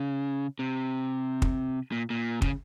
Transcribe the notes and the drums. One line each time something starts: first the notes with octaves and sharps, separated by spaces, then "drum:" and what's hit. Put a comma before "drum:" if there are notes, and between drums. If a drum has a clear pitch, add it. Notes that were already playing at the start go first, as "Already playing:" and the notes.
Already playing: C#3
C3
drum: kick
A#2
A#2
C#3, drum: kick